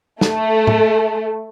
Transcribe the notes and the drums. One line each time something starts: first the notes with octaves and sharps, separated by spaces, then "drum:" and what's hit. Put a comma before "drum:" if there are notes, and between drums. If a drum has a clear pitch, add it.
A3, drum: snare
drum: tom A2